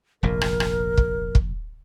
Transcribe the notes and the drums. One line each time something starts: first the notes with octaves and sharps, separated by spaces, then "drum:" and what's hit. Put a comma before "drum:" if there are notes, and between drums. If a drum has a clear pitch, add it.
F1 A#1 A#2 A#4
drum: rim click
drum: rim click
drum: kick
drum: kick